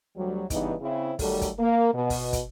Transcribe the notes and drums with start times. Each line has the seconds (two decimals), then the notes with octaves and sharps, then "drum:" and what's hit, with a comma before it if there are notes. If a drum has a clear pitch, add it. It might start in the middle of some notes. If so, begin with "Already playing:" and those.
0.16 D2 F#3 G3
0.50 G2 C#3 E3 B3 D#4, drum: kick, hi-hat
0.81 C#3 C4 E4
1.19 D#3 F#3 G3 A3 A4, drum: kick, open hi-hat
1.42 drum: kick, hi-hat
1.59 A#3
1.94 B2
2.10 drum: kick, open hi-hat
2.33 drum: kick, hi-hat